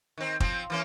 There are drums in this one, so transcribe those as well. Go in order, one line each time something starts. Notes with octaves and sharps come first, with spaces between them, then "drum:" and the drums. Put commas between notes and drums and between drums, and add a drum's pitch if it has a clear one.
D#3 C4
F3 C4, drum: kick
E3 A#3 C#4